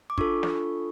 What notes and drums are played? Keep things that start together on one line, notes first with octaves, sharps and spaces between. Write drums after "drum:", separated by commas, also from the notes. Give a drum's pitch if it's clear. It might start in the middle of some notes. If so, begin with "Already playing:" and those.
D6
D4 F4 A4 C#6, drum: kick
drum: snare